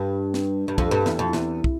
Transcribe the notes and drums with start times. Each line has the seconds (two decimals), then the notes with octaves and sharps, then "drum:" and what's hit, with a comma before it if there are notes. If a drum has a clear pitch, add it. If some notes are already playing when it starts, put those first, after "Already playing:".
Already playing: G2
0.34 drum: snare
0.68 G2
0.78 F2, drum: kick
0.91 G2
1.06 E2, drum: snare
1.19 F2
1.33 E2, drum: snare
1.64 drum: kick